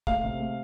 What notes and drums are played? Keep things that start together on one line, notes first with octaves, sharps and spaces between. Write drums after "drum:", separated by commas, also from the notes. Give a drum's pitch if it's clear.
A3 F5, drum: kick
C3
A3